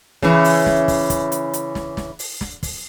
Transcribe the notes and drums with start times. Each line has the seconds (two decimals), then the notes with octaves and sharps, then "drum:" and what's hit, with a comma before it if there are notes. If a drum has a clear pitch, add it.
0.22 C#3 E3, drum: snare
0.44 drum: open hi-hat
0.66 drum: snare
0.88 drum: kick, open hi-hat
1.10 drum: kick, hi-hat
1.32 drum: hi-hat
1.53 drum: hi-hat
1.75 drum: snare
1.97 drum: snare
2.19 drum: open hi-hat
2.41 drum: snare
2.63 drum: kick, open hi-hat